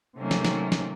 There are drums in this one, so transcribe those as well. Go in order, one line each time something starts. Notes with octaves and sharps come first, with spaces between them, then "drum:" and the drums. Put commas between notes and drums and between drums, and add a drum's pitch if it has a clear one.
C3 D#3 F#3 A3 A#3 C#4
drum: snare
drum: snare
drum: snare